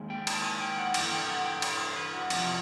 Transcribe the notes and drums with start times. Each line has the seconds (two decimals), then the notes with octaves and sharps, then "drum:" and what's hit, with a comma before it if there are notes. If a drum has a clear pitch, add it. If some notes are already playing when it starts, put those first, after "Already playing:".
Already playing: D#2 G#3
0.10 G5
0.27 A5, drum: cymbal
0.44 G#5
0.60 G5
0.78 F#5
0.94 G2 E3 A3 G5, drum: cymbal
1.11 G5
1.29 F#5
1.45 G5
1.62 C#5, drum: cymbal
1.80 C5
1.96 B4
2.13 F#4
2.30 F2 C3 F3, drum: cymbal